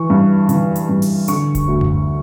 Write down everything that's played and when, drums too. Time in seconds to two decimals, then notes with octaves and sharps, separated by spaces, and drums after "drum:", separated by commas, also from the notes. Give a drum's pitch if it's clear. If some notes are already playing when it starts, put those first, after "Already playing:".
Already playing: E3 C#6
0.10 G2
0.49 E3, drum: hi-hat
0.76 drum: hi-hat
0.89 G2
1.02 drum: open hi-hat
1.28 D3 C#6, drum: hi-hat
1.55 drum: kick E1, hi-hat
1.68 D2
1.81 drum: tom F#2